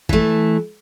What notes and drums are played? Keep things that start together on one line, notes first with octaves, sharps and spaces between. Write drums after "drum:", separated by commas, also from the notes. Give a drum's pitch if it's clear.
E3 A3, drum: kick G#1